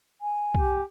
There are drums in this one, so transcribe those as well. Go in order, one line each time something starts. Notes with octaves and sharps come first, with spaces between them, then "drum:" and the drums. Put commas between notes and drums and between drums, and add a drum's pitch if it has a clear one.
G#5
G4, drum: kick